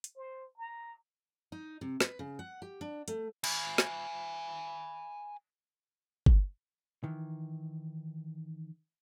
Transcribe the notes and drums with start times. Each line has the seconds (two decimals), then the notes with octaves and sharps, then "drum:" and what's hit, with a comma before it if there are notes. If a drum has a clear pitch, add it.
0.04 drum: hi-hat
0.17 C5
0.58 A#5
1.52 D#4
1.81 C3
2.00 B4, drum: snare
2.19 C#3
2.39 F#5
2.62 G4
2.81 D4
3.08 A3, drum: hi-hat
3.44 G#5 B5, drum: cymbal
3.78 drum: snare
6.26 drum: kick G1
7.04 D#3 E3